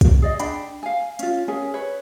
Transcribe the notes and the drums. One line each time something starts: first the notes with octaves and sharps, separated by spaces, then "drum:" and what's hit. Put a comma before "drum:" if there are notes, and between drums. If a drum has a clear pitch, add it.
drum: kick, hi-hat
G#4 D5 D#5
D4 G5 B5, drum: hi-hat
F5 G#5
C#4 F4, drum: hi-hat
C#4 G#4 A#4 G#5
B4 C#5